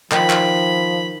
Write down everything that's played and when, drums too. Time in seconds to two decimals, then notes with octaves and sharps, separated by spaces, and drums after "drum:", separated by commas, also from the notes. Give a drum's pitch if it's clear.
0.11 D#3 F3 B5, drum: clap
0.30 drum: clap